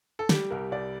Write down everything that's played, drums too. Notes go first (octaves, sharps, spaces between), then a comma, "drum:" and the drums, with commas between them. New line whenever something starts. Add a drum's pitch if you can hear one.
A4
G3 G4, drum: snare
C2 A#4
C2 D5